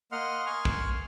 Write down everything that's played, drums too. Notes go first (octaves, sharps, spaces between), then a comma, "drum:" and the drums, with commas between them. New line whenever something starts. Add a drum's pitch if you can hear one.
A#3 D#5 F#5 C6 F6
G#5 C6 C#6 F6
drum: kick